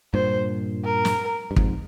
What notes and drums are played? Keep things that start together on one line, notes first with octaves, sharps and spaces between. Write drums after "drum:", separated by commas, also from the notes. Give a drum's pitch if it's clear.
G2 A#2 C5
A#4
drum: snare
G2
F2 G#2, drum: kick